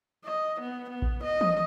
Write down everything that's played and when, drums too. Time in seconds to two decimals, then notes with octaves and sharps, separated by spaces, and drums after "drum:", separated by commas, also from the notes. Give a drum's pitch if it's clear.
0.24 D#5
0.61 B3
0.90 B3
1.02 drum: kick A1
1.24 D#5
1.41 drum: tom E3